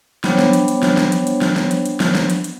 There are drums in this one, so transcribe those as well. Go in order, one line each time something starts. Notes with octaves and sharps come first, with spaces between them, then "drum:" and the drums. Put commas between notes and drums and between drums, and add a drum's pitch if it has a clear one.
G3 B3 D4 C5 C#5 F#5, drum: snare
drum: snare
drum: hi-hat
drum: hi-hat
drum: snare
drum: snare
drum: hi-hat
drum: hi-hat
drum: snare
drum: snare
drum: hi-hat
drum: hi-hat
drum: snare
drum: snare
drum: hi-hat
drum: hi-hat